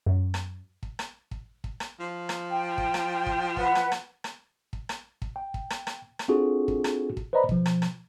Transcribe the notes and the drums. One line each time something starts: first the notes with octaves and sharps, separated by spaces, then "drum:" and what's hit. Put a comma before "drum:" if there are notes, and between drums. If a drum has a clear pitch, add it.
F#2
drum: rim click
drum: kick
drum: rim click
drum: kick
drum: kick
drum: rim click
F3
drum: rim click
G5
drum: kick
drum: rim click
drum: kick
B4 F#5, drum: kick
drum: rim click
drum: rim click
drum: rim click
drum: kick
drum: rim click
drum: kick
G5
drum: kick
drum: rim click
drum: rim click
drum: rim click
C4 D4 F4 F#4 G#4 A4
drum: kick
drum: rim click
drum: kick
B4 C5 D5 D#5 A#5 B5
B2 F3, drum: kick
drum: rim click
drum: rim click